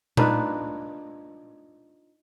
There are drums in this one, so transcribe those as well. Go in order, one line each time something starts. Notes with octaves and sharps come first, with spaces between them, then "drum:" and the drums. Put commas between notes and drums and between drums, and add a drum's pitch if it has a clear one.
D4 D#4 F4 B4, drum: tom A#2